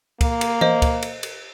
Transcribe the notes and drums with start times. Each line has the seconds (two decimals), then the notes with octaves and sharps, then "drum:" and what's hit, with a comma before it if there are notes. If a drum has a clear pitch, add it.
0.21 A#3, drum: kick, cymbal
0.41 drum: cymbal
0.61 C5 D#5, drum: tom E3
0.82 drum: kick, cymbal
1.02 drum: cymbal
1.23 drum: cymbal